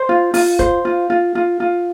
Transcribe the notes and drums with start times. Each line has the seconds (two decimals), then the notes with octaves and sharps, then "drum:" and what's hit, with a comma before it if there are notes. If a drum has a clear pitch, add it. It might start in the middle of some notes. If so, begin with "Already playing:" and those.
Already playing: C5
0.09 F4
0.34 F4, drum: open hi-hat
0.59 C5, drum: kick
0.85 F4
1.10 F4
1.35 F4
1.60 F4